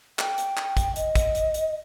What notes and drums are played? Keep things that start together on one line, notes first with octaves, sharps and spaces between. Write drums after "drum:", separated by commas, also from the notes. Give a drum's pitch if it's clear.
G5, drum: clap
drum: hi-hat
drum: clap
drum: kick, hi-hat
D#5, drum: hi-hat
drum: kick, hi-hat
drum: hi-hat
drum: hi-hat